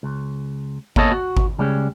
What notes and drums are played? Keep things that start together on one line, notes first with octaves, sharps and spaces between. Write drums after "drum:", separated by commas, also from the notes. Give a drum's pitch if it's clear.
C#2
A#3 B3 C#4 A4 C#5 D#5, drum: kick G#1
F#4
drum: kick G#1
C#3 G3 G#3 C#4